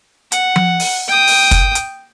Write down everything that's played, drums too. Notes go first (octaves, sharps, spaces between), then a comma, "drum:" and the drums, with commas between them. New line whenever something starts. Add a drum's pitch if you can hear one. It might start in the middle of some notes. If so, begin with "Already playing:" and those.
F#5, drum: hi-hat
drum: tom F3
drum: open hi-hat
G5 D#6
drum: open hi-hat
drum: kick, hi-hat
drum: hi-hat